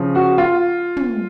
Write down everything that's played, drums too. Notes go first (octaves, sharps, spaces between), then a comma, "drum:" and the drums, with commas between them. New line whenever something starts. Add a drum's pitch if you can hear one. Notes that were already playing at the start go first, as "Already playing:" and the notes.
Already playing: C#3 F3
F#4
F4
drum: tom